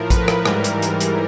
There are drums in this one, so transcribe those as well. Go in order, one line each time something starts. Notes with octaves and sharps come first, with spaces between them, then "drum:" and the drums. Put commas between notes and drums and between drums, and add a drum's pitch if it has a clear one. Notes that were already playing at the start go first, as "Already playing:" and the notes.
Already playing: A2 F3 A#4
B4, drum: kick, hi-hat
drum: rim click
G#2 E3 G3 A#4, drum: rim click
drum: hi-hat
drum: hi-hat
drum: hi-hat